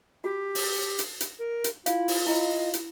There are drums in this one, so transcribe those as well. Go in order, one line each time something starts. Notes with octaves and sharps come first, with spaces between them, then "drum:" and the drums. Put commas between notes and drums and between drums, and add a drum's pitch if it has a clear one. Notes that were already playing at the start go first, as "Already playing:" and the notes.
F#4 G4
drum: open hi-hat
drum: hi-hat
drum: hi-hat
A#4
drum: hi-hat
E4 F4 F5, drum: hi-hat
drum: open hi-hat
E4 D#5 B5
drum: hi-hat